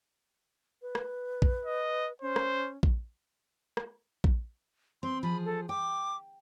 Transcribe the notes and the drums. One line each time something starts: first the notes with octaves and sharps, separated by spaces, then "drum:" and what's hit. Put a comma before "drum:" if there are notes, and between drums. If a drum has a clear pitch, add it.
B4
drum: rim click
drum: kick A#1
D#5
C#4 C5
drum: rim click
drum: kick A#1
drum: rim click
drum: kick A#1
C4 C6
F3 G#4 B5
A4
G5 D6